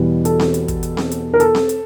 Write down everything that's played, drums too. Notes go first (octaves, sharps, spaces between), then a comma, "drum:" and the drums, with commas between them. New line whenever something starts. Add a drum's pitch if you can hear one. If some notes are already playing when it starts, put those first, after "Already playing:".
Already playing: E2 B2 G3 B4
A4, drum: hi-hat
drum: snare C4
drum: hi-hat
drum: kick, hi-hat
drum: hi-hat
drum: snare C4
drum: hi-hat
A#4
A4, drum: hi-hat
drum: snare C4
drum: hi-hat